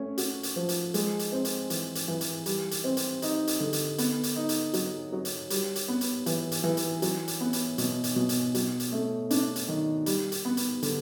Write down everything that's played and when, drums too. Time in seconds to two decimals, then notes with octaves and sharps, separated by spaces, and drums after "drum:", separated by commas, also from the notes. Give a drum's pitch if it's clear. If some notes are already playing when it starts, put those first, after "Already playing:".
Already playing: A3 C#4
0.18 F#4, drum: hi-hat
0.43 drum: hi-hat
0.56 F3
0.69 drum: hi-hat
0.94 G#3, drum: hi-hat
1.19 drum: hi-hat
1.32 C4
1.45 drum: hi-hat
1.70 E3, drum: hi-hat
1.95 drum: hi-hat
2.08 E3
2.21 drum: hi-hat
2.46 G3, drum: hi-hat
2.71 drum: hi-hat
2.84 C4
2.97 drum: hi-hat
3.22 D#4, drum: hi-hat
3.47 drum: hi-hat
3.60 D3
3.73 drum: hi-hat
3.98 B3, drum: hi-hat
4.23 drum: hi-hat
4.36 D#4
4.49 drum: hi-hat
4.74 F#3, drum: hi-hat
5.12 F#3
5.25 drum: hi-hat
5.50 G3, drum: hi-hat
5.75 drum: hi-hat
5.88 B3
6.01 drum: hi-hat
6.26 E3, drum: hi-hat
6.52 drum: hi-hat
6.64 E3
6.77 drum: hi-hat
7.02 F#3, drum: hi-hat
7.28 drum: hi-hat
7.40 B3
7.53 drum: hi-hat
7.78 B2, drum: hi-hat
8.04 drum: hi-hat
8.16 B2
8.29 drum: hi-hat
8.55 F#3, drum: hi-hat
8.80 drum: hi-hat
8.92 A3
9.31 D4, drum: hi-hat
9.56 drum: hi-hat
9.68 D#3
10.06 G3, drum: hi-hat
10.32 drum: hi-hat
10.45 B3
10.57 drum: hi-hat
10.83 D3, drum: hi-hat